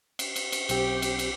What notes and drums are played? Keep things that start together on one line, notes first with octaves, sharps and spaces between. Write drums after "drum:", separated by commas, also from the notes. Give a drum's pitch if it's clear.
drum: cymbal
drum: cymbal
drum: cymbal
B1 C4 G4, drum: cymbal
drum: cymbal
drum: cymbal